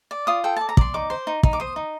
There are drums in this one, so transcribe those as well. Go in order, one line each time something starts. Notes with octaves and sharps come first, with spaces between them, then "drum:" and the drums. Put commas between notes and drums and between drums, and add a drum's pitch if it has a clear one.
D5
F4 D#6
A4 G5
D5 A5
A#5
D5 C6, drum: kick
D#4 D6
C5
D#4
D#4, drum: kick
D6
C5 D#6
D#4